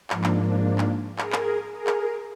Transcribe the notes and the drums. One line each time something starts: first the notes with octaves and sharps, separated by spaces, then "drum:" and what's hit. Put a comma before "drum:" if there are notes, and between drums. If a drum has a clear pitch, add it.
G#2 F3 A#3 D4, drum: clap
drum: clap
drum: clap
G#4 A#4, drum: clap
drum: clap
G#4 A#4
drum: clap